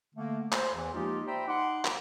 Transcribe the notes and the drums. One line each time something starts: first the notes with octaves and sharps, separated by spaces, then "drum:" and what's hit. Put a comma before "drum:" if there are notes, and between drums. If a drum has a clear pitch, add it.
D3 A3 A#3
C5, drum: clap
E2 E3
F3 G#3 A#3 D#4 F4 G4
C5 D5 E5 G5 A#5 B5
D#4 F#5 C6 D6
drum: clap